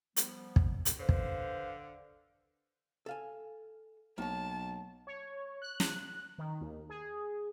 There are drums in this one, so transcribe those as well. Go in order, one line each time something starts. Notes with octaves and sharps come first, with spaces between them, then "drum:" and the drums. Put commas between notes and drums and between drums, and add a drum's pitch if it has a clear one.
F3 G3 B3, drum: hi-hat
drum: kick
drum: hi-hat
D3 B4 C5 F5
drum: kick
A4 F5 G#5
B1 A#3 C#5 A5
C#5
F#6
drum: snare
D#3
D#2
G#4